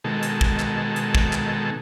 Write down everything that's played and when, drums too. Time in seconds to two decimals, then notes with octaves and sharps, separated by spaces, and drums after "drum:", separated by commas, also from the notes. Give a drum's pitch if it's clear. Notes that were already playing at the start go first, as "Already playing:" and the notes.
0.04 B2 D#3 G#3 A4
0.23 drum: hi-hat
0.41 drum: kick
0.59 drum: clap
0.96 drum: hi-hat
1.15 drum: kick
1.33 drum: clap